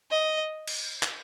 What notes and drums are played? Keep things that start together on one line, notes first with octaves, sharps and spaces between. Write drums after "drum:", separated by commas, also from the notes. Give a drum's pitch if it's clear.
D#5
drum: cymbal
drum: clap